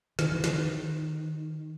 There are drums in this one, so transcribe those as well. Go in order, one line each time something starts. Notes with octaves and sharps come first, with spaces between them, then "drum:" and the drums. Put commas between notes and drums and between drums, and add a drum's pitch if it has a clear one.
D#3, drum: snare
E3
D#3, drum: snare